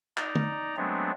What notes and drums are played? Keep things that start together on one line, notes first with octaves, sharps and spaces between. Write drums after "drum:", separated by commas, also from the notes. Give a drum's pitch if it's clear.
D#4 D5 A#5, drum: clap
drum: tom
F#3 G#3 A3 B3 C4 D4